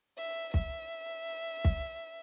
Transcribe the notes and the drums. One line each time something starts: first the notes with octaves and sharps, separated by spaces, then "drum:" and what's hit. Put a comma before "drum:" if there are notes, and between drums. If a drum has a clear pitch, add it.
E5
E5, drum: kick
drum: kick